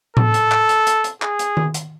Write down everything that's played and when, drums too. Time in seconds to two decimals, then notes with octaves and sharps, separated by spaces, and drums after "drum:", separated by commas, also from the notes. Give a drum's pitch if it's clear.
0.17 A4, drum: tom A2
0.34 drum: hi-hat
0.52 drum: clap
0.69 drum: hi-hat
0.87 drum: hi-hat
1.04 drum: hi-hat
1.22 G#4, drum: clap
1.39 drum: hi-hat
1.57 drum: tom D#3
1.74 drum: hi-hat